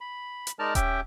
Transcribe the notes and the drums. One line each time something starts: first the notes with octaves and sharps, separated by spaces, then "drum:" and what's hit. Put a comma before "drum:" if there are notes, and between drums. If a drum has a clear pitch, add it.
B5
drum: hi-hat
G#3 D#4 A#4 D5 A5 F6
C#4 G4 E5 G5, drum: kick D#1, hi-hat